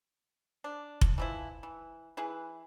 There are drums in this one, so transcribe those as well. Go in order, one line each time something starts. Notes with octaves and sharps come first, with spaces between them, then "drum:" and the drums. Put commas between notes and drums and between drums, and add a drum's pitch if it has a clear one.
D4
drum: kick F1
E3 F3 E4
E3
E3 E4 G#4 B4